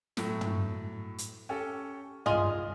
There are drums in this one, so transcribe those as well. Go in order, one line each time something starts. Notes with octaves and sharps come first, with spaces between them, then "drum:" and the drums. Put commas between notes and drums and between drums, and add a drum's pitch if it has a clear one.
A2 F#3, drum: snare
drum: tom
drum: hi-hat
C#4 G4 A4
C2 F4 G#4 D#5 F6 D#7, drum: tom